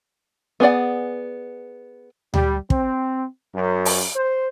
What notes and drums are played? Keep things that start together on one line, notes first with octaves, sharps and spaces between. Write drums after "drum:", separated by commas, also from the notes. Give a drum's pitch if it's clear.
B3 G#4 D5 F#5
G3, drum: tom D2
C4, drum: kick
F#2
drum: open hi-hat
C5